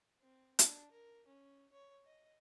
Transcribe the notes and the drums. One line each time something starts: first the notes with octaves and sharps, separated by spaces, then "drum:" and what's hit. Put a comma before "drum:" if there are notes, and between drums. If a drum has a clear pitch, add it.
C4
D4, drum: hi-hat
A#4
C#4
C#5
D#5